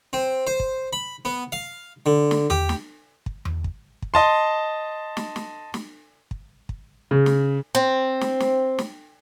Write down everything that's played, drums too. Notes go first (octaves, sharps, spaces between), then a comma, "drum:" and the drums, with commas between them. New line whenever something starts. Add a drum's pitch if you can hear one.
C4
C5
drum: kick
B5
B3
F5
D3
drum: snare
G4, drum: tom E2
drum: snare
drum: kick
drum: tom E2
drum: kick
drum: kick
D#5 A5 C6
drum: snare
drum: snare
drum: snare
drum: kick
drum: kick
C#3
drum: snare
C4
drum: snare
drum: snare
drum: snare